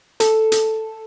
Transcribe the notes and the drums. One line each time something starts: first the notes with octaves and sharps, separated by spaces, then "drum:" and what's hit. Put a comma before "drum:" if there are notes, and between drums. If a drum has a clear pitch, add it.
A4, drum: hi-hat
drum: hi-hat